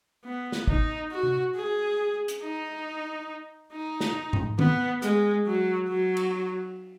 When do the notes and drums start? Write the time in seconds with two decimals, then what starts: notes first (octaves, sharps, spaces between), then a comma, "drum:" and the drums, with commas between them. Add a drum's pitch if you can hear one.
0.25 B3
0.52 drum: snare
0.68 D#4, drum: kick
1.11 F#4
1.23 drum: tom C3
1.55 G#4
2.28 drum: hi-hat
2.42 D#4
3.72 D#4
4.01 drum: snare
4.33 drum: tom G#2
4.59 B3, drum: tom D#3
5.02 G#3, drum: hi-hat
5.46 F#3
5.88 F#3
6.17 drum: cymbal